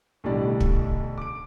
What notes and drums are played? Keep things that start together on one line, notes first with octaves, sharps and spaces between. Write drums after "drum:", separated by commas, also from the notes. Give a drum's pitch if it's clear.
B1 A2 D3 G3 D5
drum: kick
D6 D7